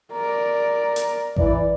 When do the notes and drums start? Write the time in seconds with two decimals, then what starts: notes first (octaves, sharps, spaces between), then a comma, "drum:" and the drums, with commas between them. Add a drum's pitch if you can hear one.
0.13 A#4 D5
0.96 drum: hi-hat
1.36 E3 D5, drum: kick A1